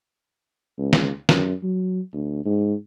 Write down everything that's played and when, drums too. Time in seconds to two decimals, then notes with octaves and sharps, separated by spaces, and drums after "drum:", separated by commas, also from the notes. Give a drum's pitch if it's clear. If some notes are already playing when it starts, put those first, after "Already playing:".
0.78 C#2
0.93 drum: snare
1.29 F#2, drum: snare
1.63 F#3
2.13 D2
2.45 G#2